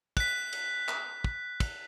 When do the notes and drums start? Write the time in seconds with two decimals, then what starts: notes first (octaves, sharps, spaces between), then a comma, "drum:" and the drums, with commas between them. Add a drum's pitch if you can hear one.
0.17 F#6 B6, drum: kick, cymbal
0.53 drum: cymbal
0.89 drum: clap
1.24 drum: kick
1.60 drum: kick, cymbal